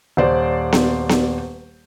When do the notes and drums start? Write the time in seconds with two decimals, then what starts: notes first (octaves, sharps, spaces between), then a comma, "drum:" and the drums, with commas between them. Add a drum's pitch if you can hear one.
0.17 D#1 C5 D5
0.73 drum: snare B3
1.09 drum: snare B3